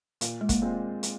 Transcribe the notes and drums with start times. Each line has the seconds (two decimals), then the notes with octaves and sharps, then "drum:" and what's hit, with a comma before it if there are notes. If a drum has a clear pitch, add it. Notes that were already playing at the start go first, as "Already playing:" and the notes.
0.21 A#2, drum: hi-hat
0.41 G#3
0.49 A#3, drum: kick, hi-hat
0.62 G#3 C4 F4
1.03 drum: hi-hat